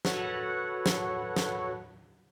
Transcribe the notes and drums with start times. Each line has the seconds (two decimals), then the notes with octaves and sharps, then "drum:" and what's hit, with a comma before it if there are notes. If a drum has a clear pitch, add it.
0.05 F#4 A4 B4 C#5 F#5, drum: snare
0.86 drum: snare
1.36 drum: snare